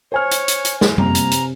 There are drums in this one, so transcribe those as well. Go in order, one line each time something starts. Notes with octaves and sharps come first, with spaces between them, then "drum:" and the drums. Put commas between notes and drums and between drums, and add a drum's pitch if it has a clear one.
C5 C#5 G#5 F6
drum: hi-hat
drum: hi-hat
drum: hi-hat
drum: snare
C3 G3 A#3 A#5, drum: tom F#2
drum: hi-hat
drum: hi-hat